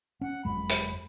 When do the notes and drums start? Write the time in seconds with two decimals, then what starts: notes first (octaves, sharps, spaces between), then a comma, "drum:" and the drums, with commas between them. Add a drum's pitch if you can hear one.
0.21 C#4 F#5
0.45 F#1 F2 G#3 B5
0.69 drum: hi-hat